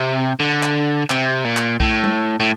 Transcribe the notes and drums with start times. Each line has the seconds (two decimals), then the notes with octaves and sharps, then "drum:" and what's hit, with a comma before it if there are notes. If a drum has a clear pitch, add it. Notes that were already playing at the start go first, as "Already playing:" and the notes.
Already playing: C3
0.40 D3
0.63 drum: clap
1.10 C3, drum: clap
1.45 A#2
1.57 drum: clap
1.80 A2, drum: kick B1
2.04 drum: tom
2.40 A2